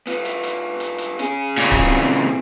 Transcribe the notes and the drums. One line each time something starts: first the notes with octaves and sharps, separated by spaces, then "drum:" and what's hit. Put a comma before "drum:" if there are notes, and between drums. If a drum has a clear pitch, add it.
B3 F4, drum: hi-hat
drum: hi-hat
drum: hi-hat
drum: hi-hat
drum: hi-hat
C#4 G#4, drum: hi-hat
A#2 C#3
drum: kick, hi-hat
E3 C4